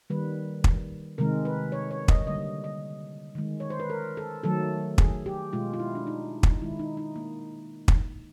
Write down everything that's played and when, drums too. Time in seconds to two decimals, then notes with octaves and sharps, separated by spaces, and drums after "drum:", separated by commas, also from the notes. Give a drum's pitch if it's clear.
0.10 D#3 G3 A#3 B4
0.64 drum: kick
1.18 C3 D#3 G#3 A#4
1.45 B4
1.72 C#5
1.91 C#5
2.08 D#5, drum: kick
2.27 D3 G3 A#3 D#5
2.64 D#5
3.35 D#3 G#3
3.60 C#5
3.70 C5
3.80 B4
3.90 A#4
4.17 A4
4.44 D#3 F#3 A3 A4
4.98 G#4, drum: kick
5.26 G4
5.53 B2 G#3 F4
5.73 F4
5.80 E4
5.95 D4
6.07 D#4
6.43 drum: kick
6.61 D#3 G#3 E4
6.79 D#4
6.97 D#4
7.16 A#3
7.88 drum: kick